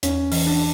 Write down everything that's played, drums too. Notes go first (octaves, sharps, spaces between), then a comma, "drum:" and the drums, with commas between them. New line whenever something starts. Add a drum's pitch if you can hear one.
E2 C#4, drum: hi-hat
E3, drum: open hi-hat
D4